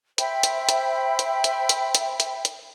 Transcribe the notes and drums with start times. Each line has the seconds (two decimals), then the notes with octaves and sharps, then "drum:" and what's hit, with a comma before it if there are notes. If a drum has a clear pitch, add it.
0.18 C5 E5 G5 B5, drum: hi-hat
0.43 drum: hi-hat
0.69 drum: hi-hat
1.19 drum: hi-hat
1.44 drum: hi-hat
1.69 drum: hi-hat
1.95 drum: hi-hat
2.20 drum: hi-hat
2.45 drum: hi-hat